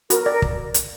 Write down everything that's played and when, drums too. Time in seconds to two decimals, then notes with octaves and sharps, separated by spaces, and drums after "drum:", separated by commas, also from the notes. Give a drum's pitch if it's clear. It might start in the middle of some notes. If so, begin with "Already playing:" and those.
0.10 F#4 A#4, drum: hi-hat
0.21 A#4
0.26 D5
0.31 A#4
0.42 drum: kick
0.74 drum: hi-hat